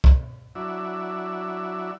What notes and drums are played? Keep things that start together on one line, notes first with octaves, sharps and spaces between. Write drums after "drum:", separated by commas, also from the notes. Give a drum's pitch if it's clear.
drum: kick
F#3 D4 E4 F#4 D5 E5